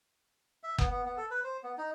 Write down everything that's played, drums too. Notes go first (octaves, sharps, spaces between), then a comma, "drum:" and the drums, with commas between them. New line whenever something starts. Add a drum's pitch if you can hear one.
E5
B3, drum: kick F#1
B3
B3
A4
B4
C5
B3
D#4